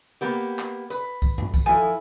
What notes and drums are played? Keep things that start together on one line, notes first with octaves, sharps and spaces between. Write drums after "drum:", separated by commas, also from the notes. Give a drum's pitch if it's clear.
A#3 B3 G4
drum: clap
B4, drum: tambourine
drum: kick, tambourine
drum: tom F#2
drum: kick, tambourine
F3 E4 A4 G#5